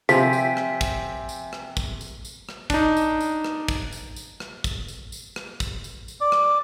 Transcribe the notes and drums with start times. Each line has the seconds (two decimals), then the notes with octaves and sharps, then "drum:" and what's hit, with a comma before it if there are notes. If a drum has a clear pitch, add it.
0.09 C3 F3 E5 G5 G#5 B6, drum: tambourine
0.33 drum: tambourine
0.57 drum: rim click
0.81 drum: kick, tambourine
1.29 drum: tambourine
1.53 drum: rim click
1.77 drum: kick, tambourine
2.01 drum: tambourine
2.25 drum: tambourine
2.49 drum: rim click
2.70 D4 D#4, drum: kick, tambourine
2.97 drum: tambourine
3.21 drum: tambourine
3.44 drum: rim click
3.68 drum: kick, tambourine
3.92 drum: tambourine
4.16 drum: tambourine
4.40 drum: rim click
4.64 drum: kick, tambourine
4.88 drum: tambourine
5.12 drum: tambourine
5.36 drum: rim click
5.60 drum: kick, tambourine
5.84 drum: tambourine
6.08 drum: tambourine
6.21 D5
6.32 drum: rim click